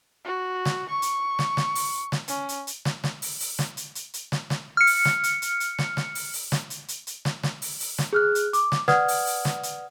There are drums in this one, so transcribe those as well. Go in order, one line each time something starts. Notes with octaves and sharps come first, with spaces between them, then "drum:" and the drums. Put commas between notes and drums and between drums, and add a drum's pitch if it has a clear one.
F#4
drum: snare
C#6
drum: hi-hat
drum: snare
drum: snare
drum: open hi-hat
drum: snare
C#4, drum: hi-hat
drum: hi-hat
drum: hi-hat
drum: snare
drum: snare
drum: open hi-hat
drum: open hi-hat
drum: snare
drum: hi-hat
drum: hi-hat
drum: hi-hat
drum: snare
drum: snare
F6 C#7
drum: open hi-hat
drum: snare
drum: hi-hat
drum: hi-hat
drum: hi-hat
drum: snare
drum: snare
drum: open hi-hat
drum: open hi-hat
drum: snare
drum: hi-hat
drum: hi-hat
drum: hi-hat
drum: snare
drum: snare
drum: open hi-hat
drum: open hi-hat
drum: snare
G#4 F6 F#6
drum: hi-hat
D6, drum: hi-hat
drum: snare
B4 D5 F#5 D#6 F6 G#6, drum: snare
drum: open hi-hat
drum: open hi-hat
drum: snare
drum: hi-hat